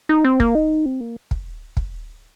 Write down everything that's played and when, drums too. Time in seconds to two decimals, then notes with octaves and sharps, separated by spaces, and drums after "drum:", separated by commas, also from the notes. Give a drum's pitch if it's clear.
0.09 D#4
0.24 C4
0.40 A#3, drum: kick
0.55 D#4
0.86 C4
1.01 A#3
1.31 drum: kick
1.77 drum: kick